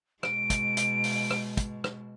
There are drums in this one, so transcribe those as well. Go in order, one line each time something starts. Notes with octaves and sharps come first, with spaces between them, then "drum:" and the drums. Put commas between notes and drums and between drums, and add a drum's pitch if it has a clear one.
B2 G#3 D7, drum: rim click
drum: kick, hi-hat
drum: hi-hat
drum: open hi-hat
drum: rim click
drum: kick, hi-hat
drum: rim click